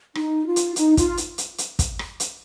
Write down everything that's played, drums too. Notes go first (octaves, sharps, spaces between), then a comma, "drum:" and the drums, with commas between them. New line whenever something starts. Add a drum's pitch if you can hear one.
D#4, drum: rim click
F4
drum: hi-hat
D#4, drum: hi-hat
F4, drum: kick, hi-hat
drum: hi-hat
drum: hi-hat
drum: hi-hat
drum: kick, hi-hat
drum: rim click
drum: hi-hat